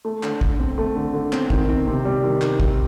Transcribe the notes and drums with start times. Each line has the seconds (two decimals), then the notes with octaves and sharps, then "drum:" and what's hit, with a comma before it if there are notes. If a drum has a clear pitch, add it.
0.05 A3
0.23 D3, drum: clap
0.41 D3, drum: kick
0.59 C4
0.78 A3
0.96 D3
1.13 D3
1.33 C4, drum: clap
1.50 D#3, drum: kick
1.69 C4
1.87 C3
2.05 G3
2.24 D#3
2.41 drum: clap
2.60 drum: kick